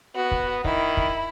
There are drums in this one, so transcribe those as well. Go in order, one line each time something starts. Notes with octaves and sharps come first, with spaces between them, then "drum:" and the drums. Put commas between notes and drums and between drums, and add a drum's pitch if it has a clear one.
B3 F#4
drum: kick
D#3 E4, drum: kick
drum: kick